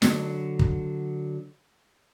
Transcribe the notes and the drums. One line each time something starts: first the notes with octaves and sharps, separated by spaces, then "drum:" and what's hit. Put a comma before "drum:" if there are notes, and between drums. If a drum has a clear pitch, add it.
D3 F#3, drum: snare
drum: kick